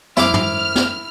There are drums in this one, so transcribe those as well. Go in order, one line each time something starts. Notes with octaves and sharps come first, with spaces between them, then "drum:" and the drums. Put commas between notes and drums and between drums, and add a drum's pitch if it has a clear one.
F#2 A3 E4 C5 D6 F6, drum: snare
drum: tom
drum: snare